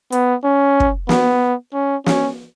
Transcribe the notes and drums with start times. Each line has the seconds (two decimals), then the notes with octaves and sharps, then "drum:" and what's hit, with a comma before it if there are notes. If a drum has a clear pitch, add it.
0.12 B3, drum: hi-hat
0.44 C#4
0.80 drum: kick
1.09 B3, drum: snare
1.74 C#4
2.06 C#4, drum: snare